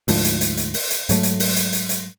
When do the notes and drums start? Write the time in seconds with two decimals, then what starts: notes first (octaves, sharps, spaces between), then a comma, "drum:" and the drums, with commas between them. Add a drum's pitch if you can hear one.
0.08 D2 G#2 F3, drum: open hi-hat
0.24 drum: hi-hat
0.41 drum: hi-hat
0.57 drum: hi-hat
0.74 drum: open hi-hat
0.90 drum: hi-hat
1.09 G#2 F#3 A3, drum: hi-hat
1.23 drum: hi-hat
1.40 drum: open hi-hat
1.56 drum: hi-hat
1.73 drum: hi-hat
1.89 drum: hi-hat